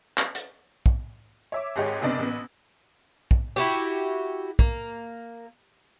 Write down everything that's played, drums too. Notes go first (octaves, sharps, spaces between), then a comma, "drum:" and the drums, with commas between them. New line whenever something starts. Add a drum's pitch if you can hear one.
drum: clap
drum: hi-hat
drum: kick
C#5 E5 D6
G#1 G#2 G4 G#4 C#5
F#1 C3 B3 D4 D5 D#5
A1 B3
drum: kick
E4 F#4 G4
A#3, drum: kick